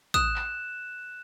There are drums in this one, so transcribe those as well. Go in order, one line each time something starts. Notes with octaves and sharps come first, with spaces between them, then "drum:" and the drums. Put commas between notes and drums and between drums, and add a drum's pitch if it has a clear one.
D#6 F#6 E7, drum: kick
drum: clap